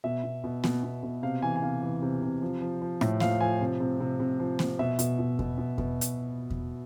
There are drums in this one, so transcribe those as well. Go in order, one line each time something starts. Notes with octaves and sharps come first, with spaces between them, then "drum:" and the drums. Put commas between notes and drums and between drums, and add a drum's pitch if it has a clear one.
B2 E5
B2
B2
B2, drum: snare A#3
B2
B2
C3 F5
E3 G#5
G#5
C3 F5
E3
C3
C3
F3
F3
F3
A2 E5, drum: rim click
F3 F5, drum: snare A#3
F3 G#5
C3
C3
C3
C3
F3
F3, drum: snare A#3
B2 E5
B2, drum: hi-hat
B2
B2, drum: kick E2
B2
B2, drum: kick E2
drum: hi-hat
drum: kick E2